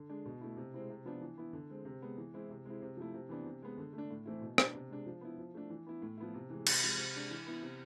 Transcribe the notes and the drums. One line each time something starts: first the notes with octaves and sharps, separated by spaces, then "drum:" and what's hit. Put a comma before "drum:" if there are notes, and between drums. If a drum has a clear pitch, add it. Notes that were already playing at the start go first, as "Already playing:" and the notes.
Already playing: D3
G#3 D4
B2
A3 E4
C3
G#3 C4 E4
C3
F3 B3 D4
E3
B3 E4
D3
G#3 C4
C3
G#3 B3
E3
G#3 C4 E4
C3
G#3 C4 E4
C3
F3 A3 E4
C3
E3 B3 D4
C3
G#3 B3
D3
A3
D4
A2
E3 A3 C4 E4
B2
B3 D4, drum: rim click
C3
G#3 D4
F3
B3 E4
F3
A3 D4
E3
B3 E4
A2
F3 B3 E4
C3
E3 G#3
C3, drum: cymbal
F3 G#3 C4
C3
G#3 D4
E3
B3 E4
C3